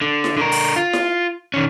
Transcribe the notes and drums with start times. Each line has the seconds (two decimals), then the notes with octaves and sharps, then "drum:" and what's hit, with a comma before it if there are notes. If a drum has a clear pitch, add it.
0.01 D3
0.24 drum: snare E4
0.37 D3 A#4
0.52 drum: open hi-hat
0.76 F4
0.93 drum: snare E4
1.54 D#3 C#4